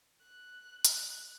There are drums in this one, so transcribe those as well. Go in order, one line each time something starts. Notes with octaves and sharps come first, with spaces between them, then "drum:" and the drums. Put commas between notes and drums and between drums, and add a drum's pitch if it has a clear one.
F#6
drum: hi-hat